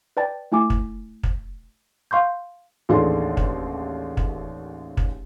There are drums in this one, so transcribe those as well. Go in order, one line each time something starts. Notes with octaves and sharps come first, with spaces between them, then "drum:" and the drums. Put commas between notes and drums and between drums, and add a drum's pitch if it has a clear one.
B4 D5 G5 A5 A6
A3 E4 G#5 D6
drum: kick
drum: kick
F5 C6 C#6 G6
A1 D#2 D4 G#4 A4 C6
drum: kick
drum: kick
drum: kick